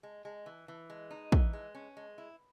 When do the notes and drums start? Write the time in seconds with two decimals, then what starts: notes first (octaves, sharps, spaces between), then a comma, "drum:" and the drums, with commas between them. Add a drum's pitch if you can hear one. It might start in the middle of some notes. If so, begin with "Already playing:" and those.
0.03 G#3
0.25 G#3
0.46 E3
0.68 E3
0.90 G#3
1.11 D#4
1.32 E3, drum: kick
1.53 G#3
1.75 C#4
1.97 G#3
2.18 E4